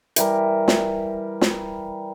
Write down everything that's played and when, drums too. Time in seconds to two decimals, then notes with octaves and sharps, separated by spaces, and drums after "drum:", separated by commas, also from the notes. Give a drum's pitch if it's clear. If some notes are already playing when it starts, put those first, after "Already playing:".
0.16 E3 G3 A#4, drum: hi-hat
0.68 drum: snare
1.41 drum: snare